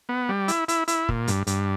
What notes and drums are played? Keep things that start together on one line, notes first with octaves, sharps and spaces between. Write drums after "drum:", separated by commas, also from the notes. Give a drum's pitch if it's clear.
B3
G3
E4, drum: hi-hat
E4, drum: hi-hat
E4, drum: hi-hat
A#2, drum: kick
G2, drum: hi-hat
G2, drum: hi-hat